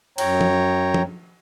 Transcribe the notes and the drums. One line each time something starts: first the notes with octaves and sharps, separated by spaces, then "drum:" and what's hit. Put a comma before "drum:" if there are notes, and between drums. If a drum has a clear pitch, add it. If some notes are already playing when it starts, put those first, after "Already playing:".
F#2 C#5 G5 A#5, drum: cymbal
drum: tom F3
drum: tom F3